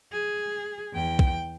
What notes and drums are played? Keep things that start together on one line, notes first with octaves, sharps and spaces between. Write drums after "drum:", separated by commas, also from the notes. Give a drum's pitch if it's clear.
G#4
E2 G5
drum: kick B1